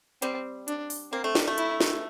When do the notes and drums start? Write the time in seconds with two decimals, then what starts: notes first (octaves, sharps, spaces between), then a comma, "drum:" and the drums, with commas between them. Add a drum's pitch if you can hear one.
0.22 G3 C4, drum: hi-hat
0.68 D4, drum: hi-hat
0.90 drum: open hi-hat
1.12 A#3 C4
1.24 A3
1.35 G3, drum: snare
1.47 A3
1.58 E4, drum: hi-hat
1.81 drum: snare